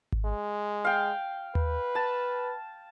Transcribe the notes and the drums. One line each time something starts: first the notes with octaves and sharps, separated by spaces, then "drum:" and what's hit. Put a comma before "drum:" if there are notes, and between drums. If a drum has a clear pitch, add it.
drum: kick G#1
G#3
F5 G5
B4, drum: tom D#2
A5